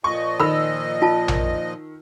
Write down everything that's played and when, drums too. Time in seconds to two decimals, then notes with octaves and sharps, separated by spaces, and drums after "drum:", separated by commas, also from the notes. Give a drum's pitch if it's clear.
0.04 A#2 F3 D#5 C#6
0.40 D#3 B5 E6
1.02 F4 A5
1.28 drum: tom A#1